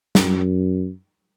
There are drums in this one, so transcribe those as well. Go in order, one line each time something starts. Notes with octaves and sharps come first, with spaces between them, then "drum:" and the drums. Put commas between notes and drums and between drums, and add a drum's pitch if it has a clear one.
F#2, drum: snare